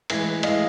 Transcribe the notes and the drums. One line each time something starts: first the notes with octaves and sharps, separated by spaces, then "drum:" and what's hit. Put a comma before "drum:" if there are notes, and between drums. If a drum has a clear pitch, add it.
A2 E3 G#3, drum: cymbal
A2 E3 G#3 D#5 F5, drum: cymbal